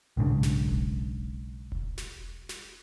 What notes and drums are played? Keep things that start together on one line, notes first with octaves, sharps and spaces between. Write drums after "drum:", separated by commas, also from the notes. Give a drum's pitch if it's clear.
B1 G#2 C#3 D4
drum: snare
drum: kick E1
drum: kick E1
drum: snare
drum: snare